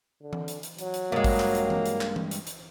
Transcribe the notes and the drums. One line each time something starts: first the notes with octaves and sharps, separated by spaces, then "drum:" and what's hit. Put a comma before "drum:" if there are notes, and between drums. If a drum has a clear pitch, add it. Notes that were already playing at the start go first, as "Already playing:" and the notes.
D3
drum: tom E3
drum: hi-hat
drum: hi-hat
F#3, drum: hi-hat
drum: hi-hat
G2 G#3 A#3
drum: kick G#1, open hi-hat
drum: clap
drum: hi-hat
drum: tom E3
drum: hi-hat
drum: clap
drum: tom E3
drum: hi-hat
drum: hi-hat